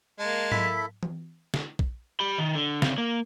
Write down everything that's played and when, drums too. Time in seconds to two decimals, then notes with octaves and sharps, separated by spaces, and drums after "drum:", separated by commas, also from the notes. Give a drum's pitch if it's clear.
0.19 G#3 A#3 A5
0.52 E4 A4 B6, drum: tom G#2
1.03 drum: tom E3
1.54 drum: snare
1.79 drum: kick
2.20 G4 B5
2.38 D#3
2.55 D3
2.82 C#3 C4, drum: snare
2.98 A#3